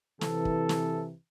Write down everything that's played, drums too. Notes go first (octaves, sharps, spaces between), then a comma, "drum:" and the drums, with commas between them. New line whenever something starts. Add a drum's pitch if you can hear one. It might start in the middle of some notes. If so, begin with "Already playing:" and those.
C3 E3 A4, drum: snare
drum: kick
drum: snare